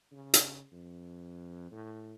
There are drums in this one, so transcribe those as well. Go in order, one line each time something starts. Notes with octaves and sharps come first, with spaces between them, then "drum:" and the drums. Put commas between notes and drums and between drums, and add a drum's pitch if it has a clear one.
C#3
drum: hi-hat
F2
A2